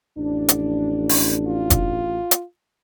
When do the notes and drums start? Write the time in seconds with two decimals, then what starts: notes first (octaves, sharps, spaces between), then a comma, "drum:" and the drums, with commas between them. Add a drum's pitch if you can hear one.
0.18 A1 F2 D4
0.49 drum: hi-hat
1.09 drum: open hi-hat
1.47 F4
1.70 drum: kick F1, hi-hat
2.31 drum: hi-hat